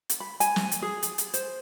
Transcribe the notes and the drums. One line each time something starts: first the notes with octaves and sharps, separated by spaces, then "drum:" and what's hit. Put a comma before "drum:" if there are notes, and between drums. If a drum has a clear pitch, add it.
drum: hi-hat
B5
G#5, drum: hi-hat
drum: snare
drum: hi-hat
G#4
drum: hi-hat
drum: hi-hat
C5, drum: hi-hat